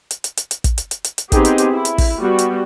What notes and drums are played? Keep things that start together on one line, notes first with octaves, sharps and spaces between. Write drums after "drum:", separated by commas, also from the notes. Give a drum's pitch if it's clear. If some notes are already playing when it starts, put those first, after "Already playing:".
drum: hi-hat
drum: hi-hat
drum: hi-hat
drum: hi-hat
drum: kick, hi-hat
drum: hi-hat
drum: hi-hat
drum: hi-hat
drum: hi-hat
B3 C4 D#4 G4 G#4, drum: kick, hi-hat
drum: hi-hat
drum: hi-hat
E4
drum: hi-hat
drum: kick, open hi-hat
G3 B3 F#4
drum: hi-hat